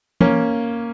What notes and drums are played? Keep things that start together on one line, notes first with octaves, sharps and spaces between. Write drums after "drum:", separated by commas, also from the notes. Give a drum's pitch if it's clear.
A#3 C#4, drum: tom E3